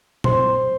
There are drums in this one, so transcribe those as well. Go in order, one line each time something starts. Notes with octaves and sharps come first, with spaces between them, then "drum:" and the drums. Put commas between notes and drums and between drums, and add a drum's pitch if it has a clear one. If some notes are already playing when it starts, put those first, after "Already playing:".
C5, drum: tom A#2